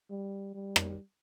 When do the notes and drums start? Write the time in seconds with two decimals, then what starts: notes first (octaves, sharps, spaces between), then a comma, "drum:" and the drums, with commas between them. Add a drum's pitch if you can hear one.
0.10 G3
0.54 G3
0.76 drum: rim click